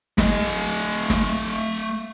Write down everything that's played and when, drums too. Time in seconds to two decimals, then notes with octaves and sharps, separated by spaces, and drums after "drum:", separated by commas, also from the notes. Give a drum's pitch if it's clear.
0.18 A3 D#5, drum: snare
1.10 drum: snare